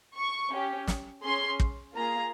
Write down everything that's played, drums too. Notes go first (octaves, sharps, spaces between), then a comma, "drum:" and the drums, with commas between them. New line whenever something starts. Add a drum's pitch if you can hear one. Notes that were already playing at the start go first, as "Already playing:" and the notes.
C#6
C#4 G4
drum: snare
C#4 G#4 C6
drum: kick
A#3 F4 G#4 A#5